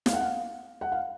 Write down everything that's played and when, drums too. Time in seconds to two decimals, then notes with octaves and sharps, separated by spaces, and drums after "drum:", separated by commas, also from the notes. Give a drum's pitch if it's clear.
0.06 F5, drum: snare
0.13 F#5
0.21 F5
0.81 F#5
0.92 F5